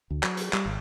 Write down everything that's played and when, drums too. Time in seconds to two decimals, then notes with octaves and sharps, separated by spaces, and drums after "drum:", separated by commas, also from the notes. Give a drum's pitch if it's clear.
0.10 D2
0.23 F#3, drum: clap
0.37 drum: hi-hat
0.53 G3, drum: clap
0.66 G#1